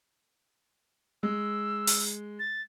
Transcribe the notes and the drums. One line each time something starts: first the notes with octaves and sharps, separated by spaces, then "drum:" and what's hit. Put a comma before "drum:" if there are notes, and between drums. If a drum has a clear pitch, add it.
G#3 E6
drum: open hi-hat
A6